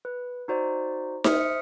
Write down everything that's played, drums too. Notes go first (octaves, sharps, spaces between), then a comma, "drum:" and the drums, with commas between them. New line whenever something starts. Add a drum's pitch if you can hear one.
B4
D#4 F#4 C5 D5
C5 E5 D#6 F6 C#7, drum: snare D#4
C#7